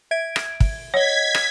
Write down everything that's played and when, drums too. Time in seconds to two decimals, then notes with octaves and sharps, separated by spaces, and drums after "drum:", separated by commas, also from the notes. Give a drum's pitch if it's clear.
0.11 E5 G#6 D7
0.36 drum: rim click
0.60 drum: kick
0.94 C#5 D#5 F#5 G#6 B6
1.35 drum: rim click